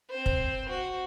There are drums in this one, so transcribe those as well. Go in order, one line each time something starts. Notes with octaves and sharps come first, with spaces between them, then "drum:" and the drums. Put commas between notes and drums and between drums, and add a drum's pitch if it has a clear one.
C4 C5
drum: kick
F#4